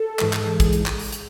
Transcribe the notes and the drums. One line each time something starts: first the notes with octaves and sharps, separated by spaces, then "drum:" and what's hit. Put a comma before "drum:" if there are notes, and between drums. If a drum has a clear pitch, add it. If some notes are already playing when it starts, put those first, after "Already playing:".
Already playing: A4
G#2 E3 G#3, drum: clap
drum: clap
G#4, drum: kick, hi-hat
drum: hi-hat
drum: clap
drum: open hi-hat
drum: hi-hat